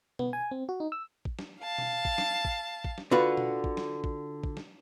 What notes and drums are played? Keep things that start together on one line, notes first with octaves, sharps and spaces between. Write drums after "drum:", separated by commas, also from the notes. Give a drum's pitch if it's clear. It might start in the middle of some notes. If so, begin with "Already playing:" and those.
B3, drum: tom B2
G#5
C4
F#4
D#4
E6
drum: kick
drum: snare
F5 A5
drum: tom B2
drum: kick
drum: snare
drum: kick
drum: kick
drum: snare
D3 F4 F#4 B4
drum: tom B2
drum: kick
drum: snare
drum: kick
drum: kick
drum: snare